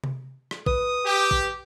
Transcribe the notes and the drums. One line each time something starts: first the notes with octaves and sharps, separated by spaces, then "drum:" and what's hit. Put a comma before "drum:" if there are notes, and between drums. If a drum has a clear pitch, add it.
drum: tom C3
drum: rim click
B4 D#6, drum: kick
G4
drum: kick